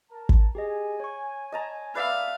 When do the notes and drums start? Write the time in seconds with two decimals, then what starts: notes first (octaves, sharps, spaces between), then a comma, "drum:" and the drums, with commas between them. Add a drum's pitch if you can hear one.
0.10 A#4 A5
0.29 drum: kick
0.55 G4 G#4 D#5 G#5
1.00 C#5 C#6
1.52 D#5 A5 A#5
1.95 B4 D5 E5 F5